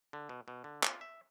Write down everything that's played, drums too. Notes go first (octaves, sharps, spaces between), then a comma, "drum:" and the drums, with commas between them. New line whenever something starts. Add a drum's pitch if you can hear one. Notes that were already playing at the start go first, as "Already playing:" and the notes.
D3
B2
B2
D3
F4, drum: clap
E5